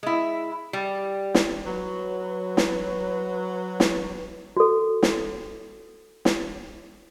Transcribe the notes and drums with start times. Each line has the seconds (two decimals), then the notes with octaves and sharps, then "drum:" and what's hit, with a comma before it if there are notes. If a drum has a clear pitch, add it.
0.03 G#3 E4
0.73 G3
1.35 drum: snare
1.65 F#3 B4
2.57 drum: snare
3.80 drum: snare
4.57 F#4 A4
5.03 drum: snare
6.25 drum: snare